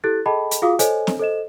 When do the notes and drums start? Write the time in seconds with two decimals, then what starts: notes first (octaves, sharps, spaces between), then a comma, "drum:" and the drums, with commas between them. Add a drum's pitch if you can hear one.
0.04 E4 G4 A4 F#6 A6
0.26 G#4 A4 D#5 G5 A5 B5
0.51 drum: hi-hat
0.62 F4 F#4 G#4 F5 D6 D#6
0.79 A4 C5 C#5 D#5 G#5, drum: hi-hat
1.07 drum: snare C4
1.19 A4 C5 D#5 E7